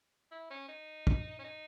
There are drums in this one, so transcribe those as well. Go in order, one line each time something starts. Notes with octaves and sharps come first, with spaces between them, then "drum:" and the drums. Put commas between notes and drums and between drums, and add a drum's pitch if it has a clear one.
E4
C#4
D#4
drum: kick
C#4
D#4